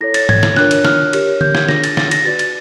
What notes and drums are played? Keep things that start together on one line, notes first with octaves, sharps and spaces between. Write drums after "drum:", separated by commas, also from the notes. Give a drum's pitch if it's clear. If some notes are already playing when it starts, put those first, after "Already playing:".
E4 A4 C#5 A#6
A6, drum: cymbal
G#6, drum: tom G#2
drum: snare
D4 F4 A#4 C#5 F#6, drum: snare
drum: cymbal
F6, drum: snare
G4 A#4 C#5, drum: cymbal
G6, drum: tom D3
G#6, drum: snare
D4 F4 G#4 A#6, drum: snare
A6, drum: cymbal
A6, drum: snare
A#6, drum: cymbal
F#4 B4 D5 A6
A6, drum: cymbal